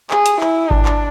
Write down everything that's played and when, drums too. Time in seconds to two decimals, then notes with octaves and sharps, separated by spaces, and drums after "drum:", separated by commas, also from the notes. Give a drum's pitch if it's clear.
0.11 G#4, drum: clap
0.26 drum: hi-hat
0.41 E4, drum: clap
0.71 D4, drum: kick G#1
0.85 drum: clap